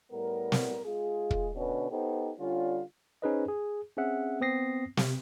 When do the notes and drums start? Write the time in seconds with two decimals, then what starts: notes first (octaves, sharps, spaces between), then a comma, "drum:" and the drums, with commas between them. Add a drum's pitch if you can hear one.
0.12 A2 G3 B3 A#4
0.52 drum: snare
0.86 G#3 F4 G#4
1.30 drum: kick
1.56 B2 D3 C#4 D4 B4
1.91 B3 D#4 G4 A4 C5
2.39 D3 G3 C#4 F4
3.22 C#4 D#4 G#4 B4 C5 D#5
3.49 G#4
3.97 C4 C#4 G#4 E5 F#5
4.40 B3 C4 D#6 A#6 C7
4.97 C3, drum: snare